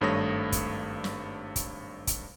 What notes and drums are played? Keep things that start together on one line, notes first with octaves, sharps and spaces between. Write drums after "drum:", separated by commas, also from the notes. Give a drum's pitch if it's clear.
G#1 G2 A3 C#5 D#6 A#6
drum: kick, hi-hat
drum: snare
drum: kick, hi-hat
drum: kick, hi-hat